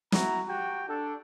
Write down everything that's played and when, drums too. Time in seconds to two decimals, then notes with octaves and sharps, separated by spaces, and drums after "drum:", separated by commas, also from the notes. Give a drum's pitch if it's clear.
0.12 E4 F#4 A#5, drum: snare
0.48 F#4 G4 G5
0.87 D4 A4